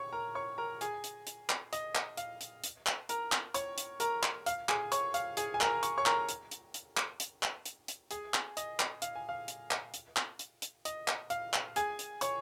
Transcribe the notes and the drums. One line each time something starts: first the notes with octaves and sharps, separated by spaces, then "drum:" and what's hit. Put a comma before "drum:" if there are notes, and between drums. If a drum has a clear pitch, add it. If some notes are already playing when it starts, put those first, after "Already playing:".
Already playing: C#5 C#6
A#4 A#5
C#5 C#6
A#4 A#5
G#4 G#5, drum: hi-hat
drum: hi-hat
drum: hi-hat
drum: clap
D#5, drum: hi-hat
drum: clap
F5, drum: hi-hat
drum: hi-hat
drum: hi-hat
drum: clap
A#4 A#5, drum: hi-hat
drum: clap
C#5 C#6, drum: hi-hat
drum: hi-hat
A#4 A#5, drum: hi-hat
drum: clap
F5, drum: hi-hat
G#4 G#5, drum: clap
C#5 C#6, drum: hi-hat
F5, drum: hi-hat
G#4 G#5, drum: hi-hat
G#5
A#4 A#5, drum: clap
C#6, drum: hi-hat
C#5 C#6
A#4 A#5, drum: clap
drum: hi-hat
drum: hi-hat
drum: hi-hat
drum: clap
drum: hi-hat
drum: clap
drum: hi-hat
drum: hi-hat
G#4 G#5, drum: hi-hat
drum: clap
D#5, drum: hi-hat
drum: clap
F5, drum: hi-hat
G#5
F5
drum: hi-hat
drum: clap
drum: hi-hat
drum: clap
drum: hi-hat
drum: hi-hat
D#5, drum: hi-hat
drum: clap
F5, drum: hi-hat
drum: clap
G#4 G#5, drum: hi-hat
drum: hi-hat
C#5 C#6, drum: hi-hat